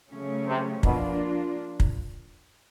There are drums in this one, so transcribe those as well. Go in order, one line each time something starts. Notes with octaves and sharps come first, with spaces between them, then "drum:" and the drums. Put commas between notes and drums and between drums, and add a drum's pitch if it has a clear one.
C#3 F#3 A3 C#4
C3
B2 F3 A#3 D4 F4, drum: kick
drum: kick